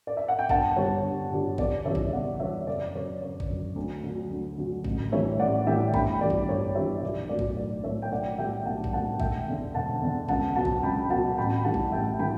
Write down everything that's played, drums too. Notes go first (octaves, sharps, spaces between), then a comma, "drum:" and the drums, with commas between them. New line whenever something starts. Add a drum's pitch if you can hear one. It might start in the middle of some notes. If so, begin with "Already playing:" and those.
D5
E5
F#5
G5
G1 F#5 A5, drum: kick A1
G2 D3 G3 C#5
G1
G2 D3 G3
E2 D5, drum: kick A1
C#3 E3 G3 C#5 E5
drum: kick A1
E2 D5 F#5
C#3 E3 G3 C#5 E5
F#1 D5
F#2 D3 C#5
F#1 C#5
drum: kick A1
F#2 D3
D2
D3 F#3
D2
D3 F#3
A1, drum: kick A1
A2 E3 G3 C#5 E5
A1 D5 F#5
A2 E3 G3 E5 G5
G1 G5 B5, drum: kick A1
G2 E3 G3 D5
drum: kick A1
G1 C#5
G2 E3 G3 C#5 E5
B1 D5
A2 F#3 D5
drum: kick A1
B1 D5
A2 F#3 C#5 E5
G5
B1 D5 F#5
A2 G3 E5 G5
B1 F#5 A5
drum: kick A1
A2 G3 F#5 A5
E1 E5 G5, drum: kick A1
E2 D3
E1 F#5 A5
E2 D3
C#2 F#5 A5, drum: kick A1
B2 F#3 F#5 A5
drum: kick A1
C#2 G5 B5
B2 F#3 F#5 A5
A1 G5 B5
A2 E3 G3 F#5 A5
drum: kick A1
A1 E5 G5
A2 E3 G3 G5 B5